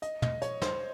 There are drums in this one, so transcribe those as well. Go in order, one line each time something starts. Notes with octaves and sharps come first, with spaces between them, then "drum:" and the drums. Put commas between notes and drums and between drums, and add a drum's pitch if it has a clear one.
D#5, drum: hi-hat
D#5, drum: tom
C#5, drum: hi-hat
C5, drum: snare